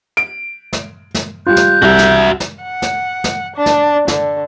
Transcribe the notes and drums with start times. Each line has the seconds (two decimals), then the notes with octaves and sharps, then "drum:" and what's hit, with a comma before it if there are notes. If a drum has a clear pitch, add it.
0.17 D7
0.73 drum: snare
1.15 drum: snare
1.47 G3 F4 F#6 G6
1.56 drum: snare
1.82 C2 F#4 E5
1.98 drum: snare
2.40 drum: snare
2.64 F#5
2.82 drum: snare
3.24 drum: snare
3.56 D4
3.66 drum: snare
4.08 D3, drum: snare